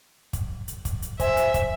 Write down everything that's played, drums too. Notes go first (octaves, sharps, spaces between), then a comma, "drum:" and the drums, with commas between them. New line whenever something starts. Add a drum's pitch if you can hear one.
drum: kick, hi-hat
drum: hi-hat
drum: kick, hi-hat
drum: hi-hat
C5 E5 G#5, drum: kick, hi-hat
drum: hi-hat
drum: kick, hi-hat